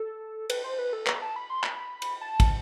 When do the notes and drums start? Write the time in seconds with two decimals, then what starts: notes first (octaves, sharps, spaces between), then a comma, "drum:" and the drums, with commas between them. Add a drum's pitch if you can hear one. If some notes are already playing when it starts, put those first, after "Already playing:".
Already playing: A4
0.50 B4, drum: cymbal
0.64 C5
0.78 B4
0.93 A4
1.07 B4, drum: clap
1.22 A5
1.36 B5
1.50 C6
1.64 B5, drum: clap
2.02 drum: cymbal
2.21 A5
2.40 drum: kick, cymbal